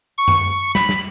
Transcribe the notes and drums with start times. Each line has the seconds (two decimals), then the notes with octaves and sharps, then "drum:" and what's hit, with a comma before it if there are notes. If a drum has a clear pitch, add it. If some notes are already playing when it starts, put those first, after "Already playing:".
0.18 C#6
0.28 drum: tom F#2
0.75 B5, drum: snare
0.89 drum: snare